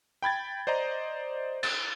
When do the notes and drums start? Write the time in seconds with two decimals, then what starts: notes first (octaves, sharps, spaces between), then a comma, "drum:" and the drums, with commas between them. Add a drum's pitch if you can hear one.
0.22 G5 B5 G#6 A6
0.67 C5 D5 D#5 A#5
1.63 A6, drum: cymbal